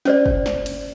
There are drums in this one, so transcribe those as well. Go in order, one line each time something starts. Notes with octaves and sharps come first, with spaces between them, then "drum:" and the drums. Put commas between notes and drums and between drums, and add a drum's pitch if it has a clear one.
C#4 C5 D5, drum: snare
drum: kick
drum: snare
drum: cymbal